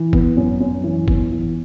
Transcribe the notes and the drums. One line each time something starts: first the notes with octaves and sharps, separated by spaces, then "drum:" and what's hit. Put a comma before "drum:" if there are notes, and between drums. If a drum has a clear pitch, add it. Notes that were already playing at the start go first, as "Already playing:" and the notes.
Already playing: E3
B3, drum: kick G1
F#2
F#2
E3
B3, drum: kick G1
E3